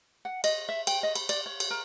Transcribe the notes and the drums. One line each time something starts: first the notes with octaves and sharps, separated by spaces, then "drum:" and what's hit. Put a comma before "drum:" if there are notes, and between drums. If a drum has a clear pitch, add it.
F#5
D#5, drum: cymbal
E5
G5, drum: cymbal
D#5
B5, drum: cymbal
D5, drum: cymbal
C#5
drum: cymbal
A#4